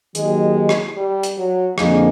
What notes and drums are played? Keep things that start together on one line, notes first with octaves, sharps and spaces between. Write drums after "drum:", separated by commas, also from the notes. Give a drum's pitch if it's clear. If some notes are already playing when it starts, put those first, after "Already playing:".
D#3 F#3 G#3 A#3 D#4 G4, drum: hi-hat
drum: rim click
G3
drum: hi-hat
F#3
F2 D3 F3 G#3 A#3, drum: rim click